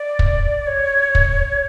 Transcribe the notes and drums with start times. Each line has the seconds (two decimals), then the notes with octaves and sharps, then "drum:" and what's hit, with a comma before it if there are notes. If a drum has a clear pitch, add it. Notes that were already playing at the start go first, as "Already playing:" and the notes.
Already playing: D5
0.19 drum: kick
0.67 C#5
1.15 drum: kick